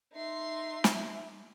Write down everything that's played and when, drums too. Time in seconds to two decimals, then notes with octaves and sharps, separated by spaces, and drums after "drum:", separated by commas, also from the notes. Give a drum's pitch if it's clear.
0.13 D#4 E5 C6
0.84 drum: snare